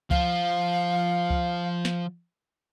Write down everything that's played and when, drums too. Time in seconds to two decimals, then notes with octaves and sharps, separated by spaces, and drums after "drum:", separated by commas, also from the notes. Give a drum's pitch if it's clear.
0.11 F3 F4 F5, drum: kick C#2
1.30 drum: kick C#2
1.85 drum: snare